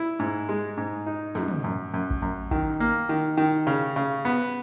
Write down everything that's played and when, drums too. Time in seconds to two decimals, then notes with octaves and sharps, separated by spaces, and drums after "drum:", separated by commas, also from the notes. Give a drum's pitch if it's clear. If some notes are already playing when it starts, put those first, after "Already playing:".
Already playing: E4
0.19 G#2
0.49 G#3
0.77 G#2
1.06 D#4
1.35 F#2, drum: tom
1.48 drum: tom
1.64 F#2
1.94 F#2
2.11 drum: kick A1
2.22 F#2
2.51 D#3, drum: kick A1
2.80 A#3
3.09 D#3
3.37 D#3
3.67 C#3
3.96 C#3
4.25 B3